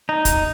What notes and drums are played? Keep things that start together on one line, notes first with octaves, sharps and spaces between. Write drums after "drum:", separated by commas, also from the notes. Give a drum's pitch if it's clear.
D#4
drum: kick, hi-hat